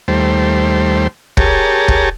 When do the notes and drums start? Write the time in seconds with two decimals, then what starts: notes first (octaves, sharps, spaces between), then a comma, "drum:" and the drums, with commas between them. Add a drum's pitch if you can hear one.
0.08 D#2 G3 A3 C5
1.37 G4 G#4 A#4 C#5 A5, drum: kick
1.88 drum: kick